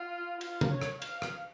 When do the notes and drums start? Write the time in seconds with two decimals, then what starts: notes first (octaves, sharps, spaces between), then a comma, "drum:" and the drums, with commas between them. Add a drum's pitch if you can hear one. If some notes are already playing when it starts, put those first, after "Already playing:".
Already playing: F4
0.41 F4, drum: cymbal
0.61 drum: tom
0.71 C#5
0.82 drum: rim click
1.02 F5, drum: cymbal
1.22 drum: rim click